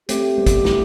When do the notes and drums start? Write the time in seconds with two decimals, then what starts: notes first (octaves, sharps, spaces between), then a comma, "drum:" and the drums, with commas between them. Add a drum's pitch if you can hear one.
0.09 A3 C4 G4, drum: hi-hat
0.37 G3 B3
0.47 drum: kick, hi-hat
0.65 A3, drum: snare